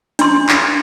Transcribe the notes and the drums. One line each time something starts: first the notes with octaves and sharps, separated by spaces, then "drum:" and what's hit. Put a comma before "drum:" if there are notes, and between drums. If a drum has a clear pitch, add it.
D4 C6, drum: hi-hat
drum: clap